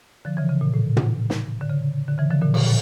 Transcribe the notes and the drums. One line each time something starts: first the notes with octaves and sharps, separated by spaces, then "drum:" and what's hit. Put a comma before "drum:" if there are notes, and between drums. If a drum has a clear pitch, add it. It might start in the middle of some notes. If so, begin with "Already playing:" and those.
D3 F3
C#3 E3
C#3
A#2
A2
drum: tom
drum: snare
D3
C#3
D3
C#3 E3
D3 F3
A#2 D3
A#2, drum: cymbal
A2